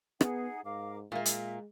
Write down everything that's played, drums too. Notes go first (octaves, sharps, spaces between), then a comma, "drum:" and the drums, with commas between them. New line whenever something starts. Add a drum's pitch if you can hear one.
B3 D#4 G#4 F#5, drum: rim click
G#2 A#4 F5 D6
A#2 G#3 A#3 E5
drum: hi-hat